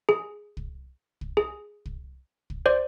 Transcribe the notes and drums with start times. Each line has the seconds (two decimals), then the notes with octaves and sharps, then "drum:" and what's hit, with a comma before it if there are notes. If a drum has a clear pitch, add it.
0.09 G#4
0.57 drum: kick
1.21 drum: kick
1.37 G#4
1.86 drum: kick
2.50 drum: kick
2.66 C5 D5